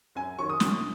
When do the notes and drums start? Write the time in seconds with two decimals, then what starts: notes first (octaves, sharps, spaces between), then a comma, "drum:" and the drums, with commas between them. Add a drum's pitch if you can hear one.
0.15 F#2 G#5
0.39 D#3 F#3 C#4 C#6
0.50 D#6
0.60 F#2, drum: snare